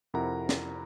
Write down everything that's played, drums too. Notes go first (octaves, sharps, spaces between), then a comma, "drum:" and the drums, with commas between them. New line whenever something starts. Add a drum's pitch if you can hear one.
F2 C3 E4 A#4 F#5 A#5
drum: snare